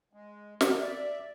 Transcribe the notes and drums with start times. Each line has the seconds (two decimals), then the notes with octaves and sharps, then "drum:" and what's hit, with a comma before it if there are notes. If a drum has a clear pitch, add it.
0.13 G#3
0.61 drum: snare
0.80 D5 E5